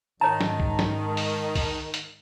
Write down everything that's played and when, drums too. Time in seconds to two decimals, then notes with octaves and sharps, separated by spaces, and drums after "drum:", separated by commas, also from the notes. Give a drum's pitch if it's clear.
0.21 G#2 D#3 G#3 C#5 A5 A#5
0.41 drum: snare
0.60 drum: kick C2
0.79 drum: snare
1.17 drum: open hi-hat
1.55 drum: kick C2, open hi-hat
1.94 drum: hi-hat